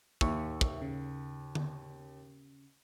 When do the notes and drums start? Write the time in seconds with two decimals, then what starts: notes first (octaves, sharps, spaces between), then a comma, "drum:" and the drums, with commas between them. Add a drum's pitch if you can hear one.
0.21 D#2 E5 C#6, drum: kick
0.61 drum: kick
0.82 C#3
1.55 drum: tom D3